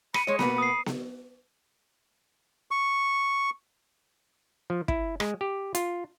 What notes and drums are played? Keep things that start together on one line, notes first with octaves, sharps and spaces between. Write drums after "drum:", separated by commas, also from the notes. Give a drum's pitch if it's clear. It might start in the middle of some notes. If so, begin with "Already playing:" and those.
B5 C#7 D#7, drum: rim click
G#3 C#5 D#5
B2 A#3 B3 B5, drum: snare B3
D#6 C7
drum: snare B3
C#6
F3
E4, drum: kick
G#3, drum: rim click
G4
F4, drum: hi-hat